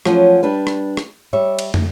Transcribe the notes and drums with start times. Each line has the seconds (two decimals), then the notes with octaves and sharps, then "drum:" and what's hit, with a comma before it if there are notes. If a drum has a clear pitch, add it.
0.05 F3 F#3 A3 C#4 F#4, drum: rim click
0.43 G3 D4 B4
0.67 drum: rim click
0.97 drum: rim click
1.33 G3 C#5 E5
1.59 drum: cymbal
1.74 drum: tom